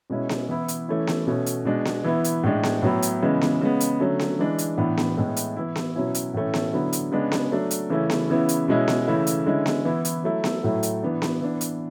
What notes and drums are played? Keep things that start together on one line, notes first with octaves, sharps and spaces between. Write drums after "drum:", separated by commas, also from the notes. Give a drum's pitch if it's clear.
B2 G#3 C#4 E4
drum: snare B3
E3 B3 E4
drum: hi-hat
E3 A3 C#4 E4
drum: snare B3
B2 A3 C#4
drum: hi-hat
B2 G#3 D4
drum: snare B3
E3 B3 E4
drum: hi-hat
A2 G#3 D4
drum: snare B3
A2 F#3 B3 E4
drum: hi-hat
C#3 E3 G#3 B3
drum: snare B3
C#3 G#3 B3
drum: hi-hat
D3 F#3 A3 C#4
drum: snare B3
E3 G#3 D4
drum: hi-hat
A2 E3 B3 D4
drum: snare B3
A2 G#3 B3 E4
drum: hi-hat
E3 B3 E4
drum: snare B3
B2 F#3 C#4 E4
drum: hi-hat
A2 E3 A3 C#4
drum: snare B3
D3 F#3 B3 E4
drum: hi-hat
C#3 G#3 B3 D4
drum: snare B3
F#3 A3 D4
drum: hi-hat
C#3 E3 A3 C#4 E4
drum: snare B3
C#3 E3 B3 E4
drum: hi-hat
B2 G#3 C#4 E4
drum: snare B3
C#3 E3 A3 C#4 E4
drum: hi-hat
D3 G#3 C#4 E4
drum: snare B3
E3 B3 E4
drum: hi-hat
F#3 A3 E4
drum: snare B3
A2 F#3 A3 E4
drum: hi-hat
E3 B3 D4
drum: snare B3
E3 B3 D4
drum: hi-hat